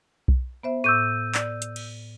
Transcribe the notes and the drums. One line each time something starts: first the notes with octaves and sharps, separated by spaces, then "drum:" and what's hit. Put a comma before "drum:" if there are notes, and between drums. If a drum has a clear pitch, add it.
drum: kick B1
B3 C5 E5
A2 C#6 D6 E6 G6 D#7
D5, drum: clap
drum: hi-hat
drum: cymbal